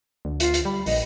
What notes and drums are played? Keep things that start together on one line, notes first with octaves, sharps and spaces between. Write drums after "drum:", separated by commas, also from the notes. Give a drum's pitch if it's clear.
D2
F4, drum: hi-hat
drum: hi-hat
G3 B5
A#1 D#5, drum: open hi-hat